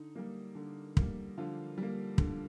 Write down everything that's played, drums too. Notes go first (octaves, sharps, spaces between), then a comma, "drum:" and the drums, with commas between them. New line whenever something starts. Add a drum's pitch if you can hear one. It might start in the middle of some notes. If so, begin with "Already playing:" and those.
Already playing: D3 D#4
G3 A#3
D3
G3 A#3, drum: kick
D3 F3 F4
G3 A#3
D3, drum: kick